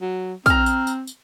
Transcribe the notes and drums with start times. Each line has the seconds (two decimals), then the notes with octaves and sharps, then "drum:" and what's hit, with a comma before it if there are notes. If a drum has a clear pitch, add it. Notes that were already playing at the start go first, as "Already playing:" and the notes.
0.01 F#3
0.46 C4 A#5 F6, drum: kick, tambourine
0.66 drum: tambourine
0.87 drum: tambourine
1.07 drum: tambourine